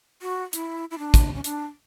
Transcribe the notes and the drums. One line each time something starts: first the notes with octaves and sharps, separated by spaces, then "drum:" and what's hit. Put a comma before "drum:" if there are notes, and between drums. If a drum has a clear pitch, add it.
F#4
E4, drum: hi-hat
E4
D4
drum: kick, hi-hat
C#4
D4, drum: hi-hat